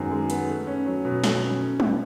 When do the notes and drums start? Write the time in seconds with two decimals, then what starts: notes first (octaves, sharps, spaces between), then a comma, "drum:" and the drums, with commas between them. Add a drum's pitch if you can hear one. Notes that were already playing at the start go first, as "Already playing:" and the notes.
Already playing: F#2 D#3 G#3 B3
0.11 G#3
0.30 B3, drum: hi-hat
0.49 A3
0.67 C#4
0.86 F#3
1.05 B2
1.24 A3, drum: snare
1.43 C#4
1.61 C#4
1.80 B2, drum: tom